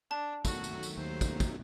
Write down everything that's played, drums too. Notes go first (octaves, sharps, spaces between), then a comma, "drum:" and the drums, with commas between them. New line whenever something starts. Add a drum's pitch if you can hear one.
D4 A5
D#3 F#3 A3 F#4, drum: kick, tambourine
drum: tambourine
drum: tambourine
D#2 C5
drum: kick, tambourine
drum: kick, tambourine